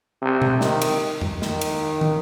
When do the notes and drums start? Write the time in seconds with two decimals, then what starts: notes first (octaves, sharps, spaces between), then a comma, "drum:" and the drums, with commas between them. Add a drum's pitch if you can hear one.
0.22 C3
0.42 drum: tom B2
0.61 D#3, drum: snare
0.82 drum: cymbal
1.21 drum: tom F2
1.42 D#3, drum: snare
1.61 drum: cymbal
2.01 drum: tom